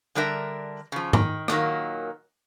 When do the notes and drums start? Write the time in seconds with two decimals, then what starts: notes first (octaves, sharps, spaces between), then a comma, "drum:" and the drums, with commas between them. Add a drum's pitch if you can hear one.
0.15 D3 G3 D4 A#4 E5
0.92 C#3 F3
1.13 D#3, drum: tom G#2
1.48 A#2 D#3 F#3 A#3, drum: rim click